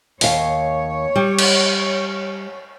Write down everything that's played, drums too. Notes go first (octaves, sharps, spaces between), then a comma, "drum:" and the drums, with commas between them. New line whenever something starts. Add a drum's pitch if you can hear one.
D#2 C#5 F5, drum: open hi-hat
G3
drum: cymbal